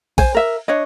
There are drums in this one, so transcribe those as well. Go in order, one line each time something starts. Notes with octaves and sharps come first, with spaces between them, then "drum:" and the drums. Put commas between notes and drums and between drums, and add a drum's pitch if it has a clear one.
C5 G#5, drum: kick, cymbal
A#4 E5
D4 C#5 D#5